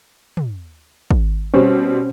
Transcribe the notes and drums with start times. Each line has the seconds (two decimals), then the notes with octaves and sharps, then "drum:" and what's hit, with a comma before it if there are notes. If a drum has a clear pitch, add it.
0.37 drum: tom
1.11 drum: kick
1.54 B2 G3 C4 C#4 C5